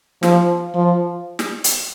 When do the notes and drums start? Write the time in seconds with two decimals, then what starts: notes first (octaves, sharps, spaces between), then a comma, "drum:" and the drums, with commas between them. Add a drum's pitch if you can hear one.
0.23 F3, drum: snare
0.75 F3
1.39 drum: snare
1.64 drum: hi-hat